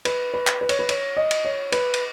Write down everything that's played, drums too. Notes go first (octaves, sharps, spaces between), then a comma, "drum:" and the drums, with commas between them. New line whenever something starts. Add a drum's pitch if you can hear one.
B4, drum: cymbal
B4
drum: clap
B4
C#5, drum: cymbal
B4
C#5, drum: cymbal
D#5
drum: cymbal
C#5
B4, drum: cymbal
drum: cymbal